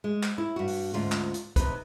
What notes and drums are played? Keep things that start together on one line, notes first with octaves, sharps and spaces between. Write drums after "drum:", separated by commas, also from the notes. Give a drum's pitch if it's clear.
G#3
drum: clap
E4
G2 F#4
drum: open hi-hat
D2 G#2 C#4 F4
drum: clap
drum: hi-hat
C3 D#4 B4, drum: kick B1, hi-hat